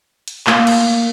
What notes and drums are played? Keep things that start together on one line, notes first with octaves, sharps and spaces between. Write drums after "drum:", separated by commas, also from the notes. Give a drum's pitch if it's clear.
drum: hi-hat
A#3, drum: clap
drum: cymbal